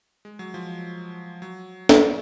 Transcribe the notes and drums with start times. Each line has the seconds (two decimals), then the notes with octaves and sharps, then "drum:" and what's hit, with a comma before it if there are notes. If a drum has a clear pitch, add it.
0.25 G#3
0.39 F#3
0.54 F3
1.42 F#3
1.89 drum: snare